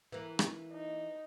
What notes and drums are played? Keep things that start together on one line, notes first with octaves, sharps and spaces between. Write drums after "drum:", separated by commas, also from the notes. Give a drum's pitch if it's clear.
E3 A#3
drum: rim click
D#4